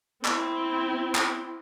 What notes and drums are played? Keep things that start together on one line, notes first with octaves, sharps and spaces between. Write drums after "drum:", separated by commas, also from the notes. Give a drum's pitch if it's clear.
C4 E4, drum: clap
drum: clap